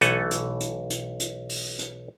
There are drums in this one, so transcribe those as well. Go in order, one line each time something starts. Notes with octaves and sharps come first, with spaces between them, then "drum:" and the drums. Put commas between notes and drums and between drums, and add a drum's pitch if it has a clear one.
B1 E3 A3 A4 F#5 G#5, drum: hi-hat
drum: hi-hat
drum: hi-hat
drum: hi-hat
drum: hi-hat
drum: open hi-hat
drum: hi-hat